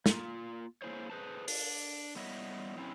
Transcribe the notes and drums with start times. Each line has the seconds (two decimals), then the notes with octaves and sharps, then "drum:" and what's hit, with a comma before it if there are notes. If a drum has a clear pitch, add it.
0.06 A#3 F4, drum: snare
0.82 A#3 E4 G#4 C5 C#5
1.10 G#4 B4 C5 A5
1.48 D4, drum: open hi-hat
2.16 G3 B3 E4 C#5 D#5 E5
2.77 F#3 C4 C#4 E4